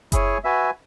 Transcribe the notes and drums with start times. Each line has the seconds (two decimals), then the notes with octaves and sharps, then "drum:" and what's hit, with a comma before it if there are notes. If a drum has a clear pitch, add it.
0.12 E4 G#4 C#5 G#5, drum: kick F#1, hi-hat
0.44 F#4 B4 E5 G#5